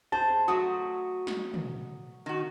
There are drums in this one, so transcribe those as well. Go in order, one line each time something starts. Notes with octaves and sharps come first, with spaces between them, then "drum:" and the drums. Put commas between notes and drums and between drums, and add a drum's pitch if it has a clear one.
G#4 C5 A5
F#3 A3 F#4 D#6
drum: snare
drum: tom
D#3 F#4